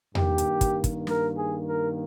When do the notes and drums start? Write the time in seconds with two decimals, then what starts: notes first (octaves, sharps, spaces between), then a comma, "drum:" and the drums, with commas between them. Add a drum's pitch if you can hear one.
0.15 G2 D#3 A#3 G4, drum: tom E2
0.38 drum: hi-hat
0.61 drum: kick, hi-hat
0.84 drum: kick, hi-hat
1.07 A#4, drum: snare
1.36 G#4
1.67 A#4